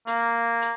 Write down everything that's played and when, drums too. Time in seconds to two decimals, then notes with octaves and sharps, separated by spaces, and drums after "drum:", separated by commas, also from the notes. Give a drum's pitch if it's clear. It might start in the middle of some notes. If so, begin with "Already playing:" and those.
0.07 A#3, drum: hi-hat
0.62 drum: hi-hat